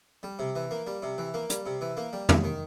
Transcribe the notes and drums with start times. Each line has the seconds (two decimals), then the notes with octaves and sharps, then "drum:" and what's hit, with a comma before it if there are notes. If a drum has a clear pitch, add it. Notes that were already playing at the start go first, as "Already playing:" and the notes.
0.23 G3
0.39 C3
0.55 E3
0.71 A#3
0.87 G3
1.03 C3
1.18 E3
1.34 A#3
1.50 G3, drum: hi-hat
1.66 C3
1.81 E3
1.97 A#3
2.13 G3
2.29 D#2, drum: tom
2.44 D#3